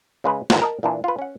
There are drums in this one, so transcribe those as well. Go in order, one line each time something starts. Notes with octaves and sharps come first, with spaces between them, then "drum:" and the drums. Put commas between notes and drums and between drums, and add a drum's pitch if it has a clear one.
C#3 G#3 B4
G#1 E2 D3 F5 A#5, drum: snare
A#4 D#5 A5
A#2 E3 D4
F4 B4
C#4 F#5